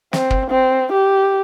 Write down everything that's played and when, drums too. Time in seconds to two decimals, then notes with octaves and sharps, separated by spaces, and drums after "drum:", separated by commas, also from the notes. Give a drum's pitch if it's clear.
0.13 C4, drum: snare
0.31 drum: kick
0.49 C4
0.92 G4